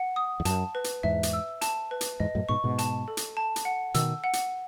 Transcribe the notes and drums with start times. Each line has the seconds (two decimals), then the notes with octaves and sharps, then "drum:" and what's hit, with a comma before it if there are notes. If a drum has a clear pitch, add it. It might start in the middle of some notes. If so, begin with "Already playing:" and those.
Already playing: F#5
0.16 D#6
0.40 E2
0.45 F#2 A5, drum: hi-hat
0.75 B4
0.84 drum: hi-hat
1.03 E2 G#2 E5
1.23 drum: hi-hat
1.33 E6
1.61 A5, drum: hi-hat
1.91 B4
2.01 drum: hi-hat
2.20 E2 G#2 D#5
2.35 F#2 A2
2.49 G#2 B2 C#6
2.64 G#2 B2
2.78 A5, drum: hi-hat
3.08 A4
3.17 drum: hi-hat
3.37 A5
3.56 drum: hi-hat
3.65 F#5
3.94 B2 D#3 E6, drum: hi-hat
4.24 F#5
4.33 drum: hi-hat